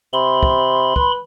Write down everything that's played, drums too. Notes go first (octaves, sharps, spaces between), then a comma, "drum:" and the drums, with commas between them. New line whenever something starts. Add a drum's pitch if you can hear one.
C3 B5 C6
drum: kick
B4, drum: kick